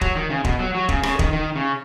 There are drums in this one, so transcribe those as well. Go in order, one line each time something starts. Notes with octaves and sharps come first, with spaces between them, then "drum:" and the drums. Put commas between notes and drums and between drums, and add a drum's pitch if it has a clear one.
F#3, drum: kick
D#3
C#3
B2, drum: kick
F#3
F#3
C#3, drum: kick
C#3, drum: rim click
D#3, drum: kick
D#3
C#3